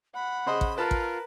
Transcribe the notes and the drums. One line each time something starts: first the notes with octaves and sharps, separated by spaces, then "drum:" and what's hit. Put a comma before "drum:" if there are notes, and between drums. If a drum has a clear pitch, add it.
F#5 B5
C#3 C5 D#5
drum: kick A1
F4 A#4 B4 A5
drum: kick A1